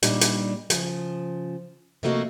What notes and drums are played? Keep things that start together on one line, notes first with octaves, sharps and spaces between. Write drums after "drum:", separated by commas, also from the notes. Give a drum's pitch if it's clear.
A#2 G3 D4 D#4, drum: hi-hat
drum: hi-hat
C#3 F3, drum: hi-hat
C3 F3 A3 A#3 F#4 D#5